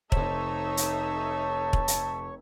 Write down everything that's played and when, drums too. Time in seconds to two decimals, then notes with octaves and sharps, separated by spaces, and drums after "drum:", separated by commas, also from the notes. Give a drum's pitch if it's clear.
0.12 F1 D#4 A4 C5 C#5 E5 A5 C#6, drum: kick
0.77 drum: hi-hat
1.73 drum: kick
1.88 drum: hi-hat